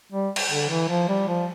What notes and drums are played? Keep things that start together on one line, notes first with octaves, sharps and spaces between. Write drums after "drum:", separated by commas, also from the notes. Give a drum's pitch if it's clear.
G3
drum: cymbal
D3
E3
F3
G3
F3